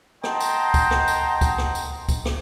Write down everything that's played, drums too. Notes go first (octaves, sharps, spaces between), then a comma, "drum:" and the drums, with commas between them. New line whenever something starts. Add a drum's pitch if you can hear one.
D#5 F#5 G5 A5 A#5 C6, drum: rim click
drum: tambourine
drum: kick C#2, tambourine
drum: rim click
drum: tambourine
drum: kick C#2, tambourine
drum: rim click
drum: tambourine
drum: kick C#2, tambourine
drum: rim click